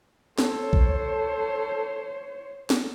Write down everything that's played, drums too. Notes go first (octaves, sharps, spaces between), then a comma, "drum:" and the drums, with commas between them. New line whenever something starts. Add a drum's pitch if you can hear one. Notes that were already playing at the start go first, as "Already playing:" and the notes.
A4 C5 C#5, drum: snare
drum: kick B1
drum: snare